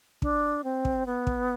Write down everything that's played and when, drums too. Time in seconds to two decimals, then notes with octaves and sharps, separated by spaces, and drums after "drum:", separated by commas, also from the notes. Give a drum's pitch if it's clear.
0.22 D4, drum: kick
0.64 C4
0.85 drum: kick
1.06 B3
1.27 drum: kick